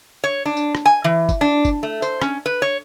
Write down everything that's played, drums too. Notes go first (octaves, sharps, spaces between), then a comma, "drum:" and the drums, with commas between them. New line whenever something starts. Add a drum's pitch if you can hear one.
C#5
D4
drum: tambourine
drum: rim click
G#5
E3
drum: kick, tambourine
D4
drum: kick, tambourine
A3
C5, drum: tambourine
C#4, drum: rim click
B4
C#5